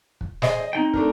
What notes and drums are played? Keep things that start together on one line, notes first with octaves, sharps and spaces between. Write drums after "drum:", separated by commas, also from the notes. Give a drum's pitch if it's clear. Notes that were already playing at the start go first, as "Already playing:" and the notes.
drum: kick
G#4 C5 D#5, drum: snare
D#5
C4 D#4 G5
A3 D4 A#4, drum: kick